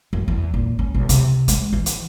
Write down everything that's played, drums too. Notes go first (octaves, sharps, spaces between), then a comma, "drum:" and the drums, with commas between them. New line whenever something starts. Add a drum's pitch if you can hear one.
F#2
E2
A#2
C#4
B1
C3, drum: hi-hat
G#3, drum: hi-hat
E3
drum: hi-hat